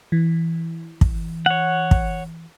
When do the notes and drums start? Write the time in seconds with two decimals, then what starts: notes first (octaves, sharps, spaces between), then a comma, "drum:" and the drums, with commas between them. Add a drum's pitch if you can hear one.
0.12 E3
1.01 drum: kick
1.46 C#5 F#5
1.91 drum: kick